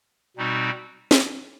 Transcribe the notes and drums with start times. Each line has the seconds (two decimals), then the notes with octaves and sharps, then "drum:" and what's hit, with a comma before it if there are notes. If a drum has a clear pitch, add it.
0.37 B2 G3 C4 D#4 F#4
1.11 drum: snare